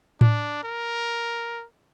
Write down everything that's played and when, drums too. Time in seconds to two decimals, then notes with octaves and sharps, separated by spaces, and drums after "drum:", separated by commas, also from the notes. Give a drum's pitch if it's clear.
0.21 D4, drum: tom A2
0.63 A#4